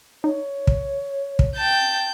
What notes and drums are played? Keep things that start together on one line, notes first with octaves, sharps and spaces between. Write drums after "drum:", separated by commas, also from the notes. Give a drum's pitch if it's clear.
D#4 C#5
drum: kick
drum: kick
G5 A5 G6